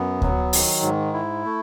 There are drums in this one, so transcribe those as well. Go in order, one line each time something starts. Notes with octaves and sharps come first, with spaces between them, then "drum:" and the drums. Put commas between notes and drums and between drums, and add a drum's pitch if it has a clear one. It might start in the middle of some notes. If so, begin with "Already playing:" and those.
Already playing: F#2 B3
F#3, drum: kick D2
D#3, drum: open hi-hat
G#2
E4
A3